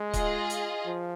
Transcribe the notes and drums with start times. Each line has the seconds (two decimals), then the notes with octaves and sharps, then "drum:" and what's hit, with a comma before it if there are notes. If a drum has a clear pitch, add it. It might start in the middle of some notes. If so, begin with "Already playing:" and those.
Already playing: G#3
0.14 F4 G#4 D#5, drum: kick C#1, hi-hat
0.50 drum: hi-hat
0.86 F3